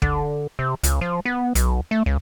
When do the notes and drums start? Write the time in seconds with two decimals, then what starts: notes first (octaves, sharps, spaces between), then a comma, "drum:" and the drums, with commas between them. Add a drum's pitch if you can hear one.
0.02 D3, drum: kick
0.59 C3
0.83 C#2, drum: hi-hat
1.01 F3
1.25 B3
1.55 B1, drum: hi-hat
1.91 A3
2.06 C#2